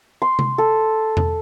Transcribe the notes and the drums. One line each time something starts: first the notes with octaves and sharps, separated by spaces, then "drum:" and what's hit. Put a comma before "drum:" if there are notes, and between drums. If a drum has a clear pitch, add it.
C6
drum: tom C3
A4
drum: tom E2